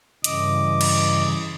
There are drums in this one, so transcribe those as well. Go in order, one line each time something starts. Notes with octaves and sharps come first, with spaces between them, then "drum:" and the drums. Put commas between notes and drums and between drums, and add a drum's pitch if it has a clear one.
G2 C#3 E3 D#5 D6, drum: hi-hat
drum: cymbal